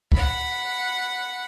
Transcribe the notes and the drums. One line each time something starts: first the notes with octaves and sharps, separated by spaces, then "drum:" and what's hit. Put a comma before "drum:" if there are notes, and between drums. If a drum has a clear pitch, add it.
F#5 B5, drum: kick